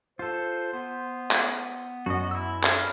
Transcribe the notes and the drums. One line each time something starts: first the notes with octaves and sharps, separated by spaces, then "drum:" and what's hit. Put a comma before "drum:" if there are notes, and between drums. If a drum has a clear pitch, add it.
F4 A4 C5
B3 C5
drum: clap
F#2 F#4 D#5
E4 E6
F5, drum: clap